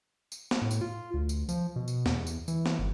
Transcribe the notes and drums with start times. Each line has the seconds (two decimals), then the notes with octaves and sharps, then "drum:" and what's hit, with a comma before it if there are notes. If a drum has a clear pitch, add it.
0.32 drum: tambourine
0.51 drum: snare B3
0.62 A2
0.71 drum: tambourine
0.81 F4
1.14 D2
1.29 drum: tambourine
1.49 F3, drum: tambourine
1.76 B2
1.88 drum: tambourine
2.06 E2, drum: snare B3
2.27 drum: tambourine
2.48 E3, drum: tambourine
2.66 drum: snare B3
2.79 G1